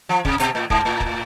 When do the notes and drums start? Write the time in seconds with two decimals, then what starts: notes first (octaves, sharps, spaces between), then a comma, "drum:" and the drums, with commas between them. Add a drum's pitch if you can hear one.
0.09 F3
0.25 C3, drum: kick
0.40 B2, drum: hi-hat
0.55 A2
0.70 G#2, drum: kick
0.85 A2
1.00 drum: kick